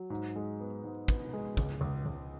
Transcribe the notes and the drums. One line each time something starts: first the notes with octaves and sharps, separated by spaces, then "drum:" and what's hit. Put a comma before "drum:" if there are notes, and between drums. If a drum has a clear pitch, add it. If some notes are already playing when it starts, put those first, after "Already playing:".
Already playing: F#3
G#2
G#3
B3
G#2
B3, drum: kick
G#3
C#2, drum: kick
C#2
C#2